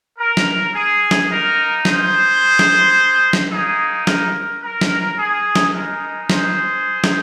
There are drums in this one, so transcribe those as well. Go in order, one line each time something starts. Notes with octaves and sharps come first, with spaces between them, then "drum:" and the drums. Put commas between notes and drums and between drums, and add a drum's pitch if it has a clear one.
A#4
drum: snare
G#4
drum: snare
A#3 D#4 A#4
G#4 C5, drum: snare
drum: snare
drum: snare
A#3 D#4 G#4
A#4, drum: snare
A#4
drum: snare
G#4
drum: snare
G#3 D#4 A#4
G#4 C5, drum: snare
drum: snare